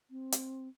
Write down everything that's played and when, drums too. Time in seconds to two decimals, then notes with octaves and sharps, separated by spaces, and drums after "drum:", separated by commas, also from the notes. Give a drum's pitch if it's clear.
0.10 C4
0.32 drum: hi-hat